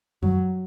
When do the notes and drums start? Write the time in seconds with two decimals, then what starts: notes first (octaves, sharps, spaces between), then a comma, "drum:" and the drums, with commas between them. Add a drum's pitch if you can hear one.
0.23 F#3, drum: tom F#2